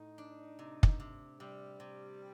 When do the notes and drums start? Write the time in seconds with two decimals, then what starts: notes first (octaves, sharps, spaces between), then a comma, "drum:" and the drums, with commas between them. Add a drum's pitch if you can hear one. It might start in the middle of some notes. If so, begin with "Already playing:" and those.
Already playing: A2 D#4
0.18 D4
0.59 C3
0.83 drum: kick
1.00 C3
1.39 C3 G3
1.80 C3